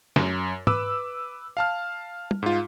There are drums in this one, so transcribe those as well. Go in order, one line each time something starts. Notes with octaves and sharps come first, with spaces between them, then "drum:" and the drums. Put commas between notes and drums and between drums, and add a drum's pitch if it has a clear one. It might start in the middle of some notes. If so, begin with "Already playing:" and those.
F#2, drum: snare
B4 D6 E6, drum: tom
F5 A5 F6
drum: tom
G#2 F4